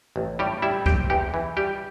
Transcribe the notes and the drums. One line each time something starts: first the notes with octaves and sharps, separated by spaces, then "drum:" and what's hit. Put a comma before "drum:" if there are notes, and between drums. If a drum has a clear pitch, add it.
A1
A2 G3 G4
G3 E4 E5
C4 G4 G5, drum: kick C2
E2 G4 G5
E3
G3 G4 G5